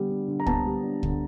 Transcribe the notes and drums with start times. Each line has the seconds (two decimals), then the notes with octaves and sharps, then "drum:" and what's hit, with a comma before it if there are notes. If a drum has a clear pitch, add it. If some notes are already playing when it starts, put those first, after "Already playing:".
Already playing: D3 G3 B3
0.10 D4
0.28 D3
0.40 A#5
0.47 B3 A5, drum: kick
0.66 G3
0.83 D4
1.03 D3, drum: kick